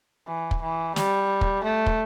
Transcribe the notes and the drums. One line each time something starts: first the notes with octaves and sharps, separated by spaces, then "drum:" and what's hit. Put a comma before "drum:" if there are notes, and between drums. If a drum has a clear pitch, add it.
E3
drum: kick
E3
G3, drum: snare
drum: kick
A3
drum: kick